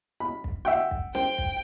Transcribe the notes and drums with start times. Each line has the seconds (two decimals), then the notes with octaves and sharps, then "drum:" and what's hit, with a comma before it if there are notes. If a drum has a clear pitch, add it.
0.20 B5
0.44 drum: kick
0.65 E5 F#5 G5
0.91 drum: kick
1.15 C5 G5, drum: snare
1.38 drum: kick